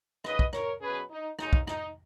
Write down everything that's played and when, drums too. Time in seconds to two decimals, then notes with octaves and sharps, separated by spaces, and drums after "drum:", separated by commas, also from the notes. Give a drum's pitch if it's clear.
0.24 D#2 C#3 F#3 B4 D#5, drum: rim click
0.39 drum: kick
0.53 A#4 C#5, drum: rim click
0.81 B2 F#3 C#4 G#4 B4
1.10 D#4
1.39 D#2 C#3 G#3 C#4 D#4, drum: rim click
1.53 drum: kick
1.67 D#4, drum: rim click